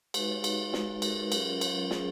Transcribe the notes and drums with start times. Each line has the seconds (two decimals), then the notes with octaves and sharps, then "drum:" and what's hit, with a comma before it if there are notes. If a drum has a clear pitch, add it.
0.14 G#3 D#4 F#4 B4, drum: cymbal
0.29 C#5
0.44 G#3 D#4 F#4, drum: cymbal
0.73 G#3 D#4 F#4, drum: snare
1.02 G#3 D#4 F#4 A#4, drum: cymbal
1.22 B4
1.32 F#3 C#4 F4 A#4, drum: cymbal
1.61 F#3 C#4 F4, drum: cymbal
1.91 F#3 C#4 F4 G#4, drum: snare